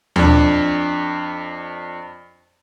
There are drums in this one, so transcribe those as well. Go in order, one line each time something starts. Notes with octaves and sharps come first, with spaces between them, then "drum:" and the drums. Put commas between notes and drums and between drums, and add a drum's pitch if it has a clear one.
F2 D4, drum: tom D#2